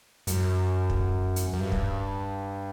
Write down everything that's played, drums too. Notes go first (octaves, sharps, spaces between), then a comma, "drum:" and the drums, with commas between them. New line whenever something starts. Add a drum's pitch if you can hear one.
F#2, drum: hi-hat
drum: kick
drum: hi-hat
F#2
G2
drum: kick